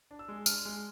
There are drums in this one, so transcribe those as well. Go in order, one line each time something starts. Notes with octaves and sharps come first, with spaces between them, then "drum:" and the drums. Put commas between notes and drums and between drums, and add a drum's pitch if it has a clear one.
D4
E6
G#3
D4 F6, drum: tambourine
G#3